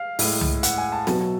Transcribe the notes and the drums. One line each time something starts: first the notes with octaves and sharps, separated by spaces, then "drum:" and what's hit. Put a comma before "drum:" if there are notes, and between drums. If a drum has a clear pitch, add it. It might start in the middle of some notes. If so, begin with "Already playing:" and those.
Already playing: F5
A2 G#3, drum: open hi-hat
drum: tom C2
F#5, drum: hi-hat
G#5
A5
B2 F#3, drum: snare